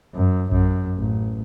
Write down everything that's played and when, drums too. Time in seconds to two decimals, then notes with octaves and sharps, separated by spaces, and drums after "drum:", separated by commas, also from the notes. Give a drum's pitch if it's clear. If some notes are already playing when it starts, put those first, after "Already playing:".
0.15 F#2
0.52 F#2, drum: kick A1
0.98 A1